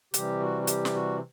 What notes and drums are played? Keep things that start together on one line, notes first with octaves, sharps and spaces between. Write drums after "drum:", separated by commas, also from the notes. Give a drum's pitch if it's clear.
C3 E3 G3 G4, drum: hi-hat
F#4
F#4
G4, drum: hi-hat
drum: snare
F#4